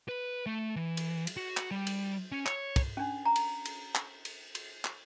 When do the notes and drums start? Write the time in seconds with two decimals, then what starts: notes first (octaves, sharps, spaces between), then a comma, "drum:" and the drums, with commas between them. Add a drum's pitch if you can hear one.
0.08 B4
0.46 A3
0.76 E3
0.97 drum: cymbal
1.27 drum: cymbal
1.37 F#4
1.57 drum: clap
1.71 G3
1.87 drum: cymbal
2.32 C#4
2.46 C#5, drum: clap
2.76 drum: kick, cymbal
2.97 C#4 D4
3.25 A#5
3.36 drum: cymbal
3.65 drum: cymbal
3.95 drum: clap
4.25 drum: cymbal
4.55 drum: cymbal
4.85 drum: clap